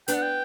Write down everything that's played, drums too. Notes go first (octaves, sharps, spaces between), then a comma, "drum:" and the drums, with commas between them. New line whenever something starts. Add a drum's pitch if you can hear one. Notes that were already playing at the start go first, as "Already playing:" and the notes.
B3 D4 G5, drum: hi-hat
F#5
G5